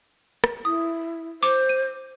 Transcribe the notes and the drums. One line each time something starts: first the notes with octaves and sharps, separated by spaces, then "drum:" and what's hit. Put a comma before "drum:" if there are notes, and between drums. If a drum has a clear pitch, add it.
drum: rim click
E4 D#6
C5 D6, drum: open hi-hat
D#7